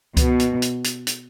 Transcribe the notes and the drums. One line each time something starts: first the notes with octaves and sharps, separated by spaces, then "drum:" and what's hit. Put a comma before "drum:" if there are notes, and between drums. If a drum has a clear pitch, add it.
B2, drum: kick C#2, hi-hat
drum: hi-hat
drum: hi-hat
drum: hi-hat
drum: hi-hat